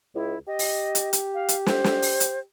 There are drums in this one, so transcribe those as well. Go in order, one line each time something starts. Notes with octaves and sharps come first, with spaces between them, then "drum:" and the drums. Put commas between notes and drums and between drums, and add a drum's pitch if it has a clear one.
C#2 E4
G4 D#5
drum: open hi-hat
drum: hi-hat
drum: hi-hat
F5
drum: hi-hat
C5, drum: snare
drum: snare
drum: open hi-hat
drum: hi-hat